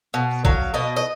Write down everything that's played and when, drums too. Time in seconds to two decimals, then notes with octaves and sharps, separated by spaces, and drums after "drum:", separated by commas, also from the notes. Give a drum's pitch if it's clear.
0.14 B2
0.45 F#3 F5, drum: kick
0.74 B2 D#5
0.96 D#5